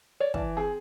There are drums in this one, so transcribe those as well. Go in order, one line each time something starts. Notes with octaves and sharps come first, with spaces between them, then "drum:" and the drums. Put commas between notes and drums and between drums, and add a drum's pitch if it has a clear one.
C#5 D5
E3 D5 A5, drum: kick
C4 G#4